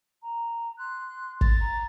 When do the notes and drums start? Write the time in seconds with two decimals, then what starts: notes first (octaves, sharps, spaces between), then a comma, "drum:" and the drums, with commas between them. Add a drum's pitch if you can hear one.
0.22 A#5
0.78 C6 F#6
1.41 A6, drum: kick
1.60 A#5